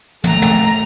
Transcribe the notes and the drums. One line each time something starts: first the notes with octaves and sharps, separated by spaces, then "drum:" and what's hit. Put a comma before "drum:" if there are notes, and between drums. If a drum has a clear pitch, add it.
A3 A#5, drum: tom
drum: tom
drum: open hi-hat